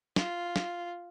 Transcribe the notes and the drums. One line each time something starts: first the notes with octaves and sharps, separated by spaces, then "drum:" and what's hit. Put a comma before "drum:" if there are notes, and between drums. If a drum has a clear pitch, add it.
F4, drum: snare
drum: snare